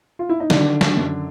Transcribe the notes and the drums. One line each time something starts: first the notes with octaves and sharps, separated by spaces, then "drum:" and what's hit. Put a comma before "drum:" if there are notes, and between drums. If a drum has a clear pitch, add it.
F4
E4
D#4
D3 D#3 D4, drum: snare
drum: snare
F#2